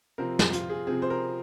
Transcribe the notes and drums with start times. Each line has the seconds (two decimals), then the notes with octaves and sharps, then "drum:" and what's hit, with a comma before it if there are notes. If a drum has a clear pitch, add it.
0.18 C3 F3 C4 A#4
0.39 drum: snare
0.53 F4, drum: hi-hat
0.70 G#4
0.87 C3 F3 C4 G#4
1.02 C5
1.10 A#4